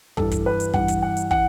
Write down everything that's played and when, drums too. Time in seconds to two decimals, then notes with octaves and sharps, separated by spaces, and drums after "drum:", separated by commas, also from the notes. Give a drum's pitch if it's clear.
0.17 G2 E3 A4, drum: kick
0.31 drum: kick, hi-hat
0.46 B4
0.60 drum: hi-hat
0.73 G2 E3 F#5, drum: kick
0.88 drum: kick, hi-hat
1.02 F#5
1.17 drum: hi-hat
1.31 E3 F#5, drum: kick